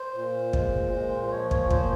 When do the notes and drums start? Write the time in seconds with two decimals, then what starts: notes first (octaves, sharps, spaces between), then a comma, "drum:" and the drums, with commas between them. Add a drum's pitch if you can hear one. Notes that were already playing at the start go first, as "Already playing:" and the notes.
Already playing: C5
0.14 A#2
0.53 G#3, drum: kick
0.93 A#2
1.27 C5
1.31 F3 C#5
1.51 C#5, drum: kick
1.70 A#2 C5, drum: kick